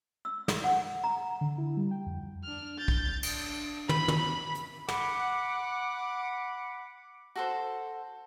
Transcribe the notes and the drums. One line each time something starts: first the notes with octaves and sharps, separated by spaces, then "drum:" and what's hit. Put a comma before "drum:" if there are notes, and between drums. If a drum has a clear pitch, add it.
E6
drum: snare
F#5
A#5
D3
E4
G3
G5
F2
D4 F6
G6 A6
drum: kick
D4, drum: cymbal
B5, drum: tom
drum: tom
B5
drum: hi-hat
F#5 B5 D6, drum: snare
F#4 A4 C5